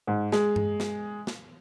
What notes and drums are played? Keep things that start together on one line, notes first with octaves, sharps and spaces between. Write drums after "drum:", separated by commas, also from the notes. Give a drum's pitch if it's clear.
G#2
G#3, drum: snare
drum: tom G2
drum: snare
drum: snare